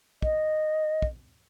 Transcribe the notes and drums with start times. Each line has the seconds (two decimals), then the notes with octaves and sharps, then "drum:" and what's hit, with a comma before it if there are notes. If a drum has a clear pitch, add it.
0.22 D#5, drum: kick
1.02 drum: kick